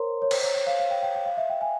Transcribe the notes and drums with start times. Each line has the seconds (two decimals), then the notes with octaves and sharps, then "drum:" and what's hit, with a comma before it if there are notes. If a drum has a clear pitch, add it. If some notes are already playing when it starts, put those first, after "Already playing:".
Already playing: A#4 C5 C#5 A#5 C6
0.22 C#5
0.31 C5, drum: cymbal
0.43 C#5
0.55 C#5
0.67 F5
0.79 F5
0.91 G5
1.02 G5
1.15 G5
1.26 F5
1.37 E5
1.50 G5
1.61 G#5